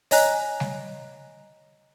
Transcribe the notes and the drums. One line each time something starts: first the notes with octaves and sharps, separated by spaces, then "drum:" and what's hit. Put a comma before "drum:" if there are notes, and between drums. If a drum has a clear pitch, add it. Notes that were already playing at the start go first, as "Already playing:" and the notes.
C#5 D#5 G#5 A#5 F#6, drum: open hi-hat
drum: snare G3